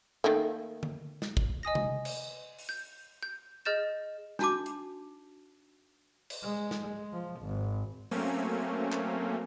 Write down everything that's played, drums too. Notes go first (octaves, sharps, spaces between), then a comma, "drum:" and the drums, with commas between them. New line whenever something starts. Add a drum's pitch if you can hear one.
D#3 A3 A#3
drum: tom D3
drum: snare
drum: kick
D#5 G#5 D#6 A#6
drum: tom C3
drum: cymbal
drum: open hi-hat
G6
G6
G#4 D#5 F6 G6 A6 E7
D4 D#4 F#4 A5 D6, drum: snare
drum: hi-hat
drum: cymbal
G#3
drum: snare
F3
G#1
F#3 A3 A#3 C4 C#4, drum: open hi-hat
drum: clap